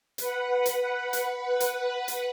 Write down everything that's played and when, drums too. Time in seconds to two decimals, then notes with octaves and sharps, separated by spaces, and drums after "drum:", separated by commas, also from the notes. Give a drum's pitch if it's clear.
0.18 B4 F#5, drum: hi-hat
0.66 drum: hi-hat
1.13 drum: hi-hat
1.60 drum: hi-hat
2.08 drum: hi-hat